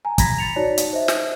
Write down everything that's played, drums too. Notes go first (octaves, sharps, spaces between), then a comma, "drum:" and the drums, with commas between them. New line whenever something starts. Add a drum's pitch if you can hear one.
G#5 A#5
A#5 B5 G#6 A#6 B6, drum: kick, hi-hat
A6 C#7 F7
D#4 F#4 C#5 D5 A5
drum: hi-hat
C5 D#5 E5
drum: snare